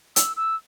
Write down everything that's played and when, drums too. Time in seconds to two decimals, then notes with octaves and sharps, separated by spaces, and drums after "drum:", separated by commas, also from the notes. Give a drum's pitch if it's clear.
0.16 E6, drum: hi-hat
0.37 E6